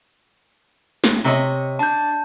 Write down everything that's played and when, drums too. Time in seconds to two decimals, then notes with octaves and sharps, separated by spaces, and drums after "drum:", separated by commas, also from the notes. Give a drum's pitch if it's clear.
1.04 drum: snare
1.24 C3 C#5 D#5
1.79 D4 A5 G6